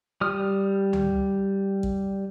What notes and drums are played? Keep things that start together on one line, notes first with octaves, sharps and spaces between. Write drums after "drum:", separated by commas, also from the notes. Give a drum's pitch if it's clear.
G3 D#6 F6
drum: tom C#2
drum: kick